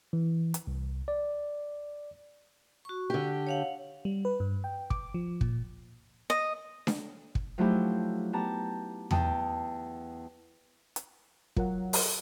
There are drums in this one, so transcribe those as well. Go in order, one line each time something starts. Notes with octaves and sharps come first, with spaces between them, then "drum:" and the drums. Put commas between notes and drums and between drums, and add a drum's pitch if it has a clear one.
E3
drum: hi-hat
C2
D5
F#4 C#6
D3 G4
C#5 F5 F#5
G3
B4
G2
G5
D6, drum: kick
F3
A#2, drum: kick
D#5
drum: snare D4
drum: kick
F3 F#3 A3 D#4 E4 G4
B3 G4 A5 A#5
E2 G5 A5 D#6, drum: tom E2
drum: hi-hat
F#3 F4 A#4 F#5, drum: kick
drum: open hi-hat